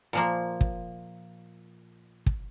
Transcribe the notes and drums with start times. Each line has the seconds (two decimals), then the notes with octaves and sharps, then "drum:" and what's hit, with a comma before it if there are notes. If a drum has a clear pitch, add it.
0.13 A#2 F3 A#3
0.61 drum: kick
2.26 drum: kick